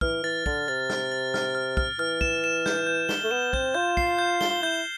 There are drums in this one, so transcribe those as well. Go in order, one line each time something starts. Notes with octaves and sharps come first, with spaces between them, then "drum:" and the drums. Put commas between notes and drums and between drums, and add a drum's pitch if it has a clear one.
E3 F6, drum: kick
E3 A6
D3 A6, drum: kick
C3 A6
F6, drum: snare
A6
F6, drum: snare
F6
F6, drum: kick
E3 F6
E7, drum: kick
E7
G6, drum: snare
G6
G7, drum: snare
A3
B3 E7
C4 G6, drum: kick
F4 G6
C7, drum: kick
G6
G7, drum: snare
F4
E4 G6